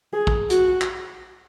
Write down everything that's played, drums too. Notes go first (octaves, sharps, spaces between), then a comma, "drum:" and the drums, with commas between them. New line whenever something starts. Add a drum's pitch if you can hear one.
G#4
drum: kick
F#4, drum: hi-hat
drum: clap